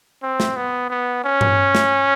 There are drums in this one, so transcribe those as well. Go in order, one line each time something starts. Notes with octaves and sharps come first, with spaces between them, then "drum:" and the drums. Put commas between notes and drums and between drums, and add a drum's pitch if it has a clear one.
C4
drum: snare
B3
B3
C#4
drum: tom G2
drum: snare